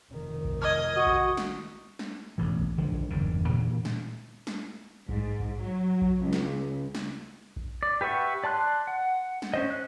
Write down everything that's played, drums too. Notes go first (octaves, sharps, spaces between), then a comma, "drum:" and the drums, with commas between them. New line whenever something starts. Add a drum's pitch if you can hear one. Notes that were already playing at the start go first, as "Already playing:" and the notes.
F1 D#3
drum: kick A#1
D#5 F6 G#6
F#4 C#6 D#6
drum: kick A#1
drum: snare
drum: snare
E1 A1 E3
drum: kick A#1
D3 D#3 F3 G#3
drum: kick A#1
F#1 E2 G2 D#3
A#2 D3 E3 A#3
drum: snare
drum: snare
G#2, drum: kick A#1
drum: kick A#1
F#3
drum: kick A#1
C#2
drum: snare
drum: snare
drum: kick A#1
D5
G4 B4 E5 F#5 C#6
D5 A5 C6 F#6
F#5
drum: snare
C#4 C5 D#5
F#6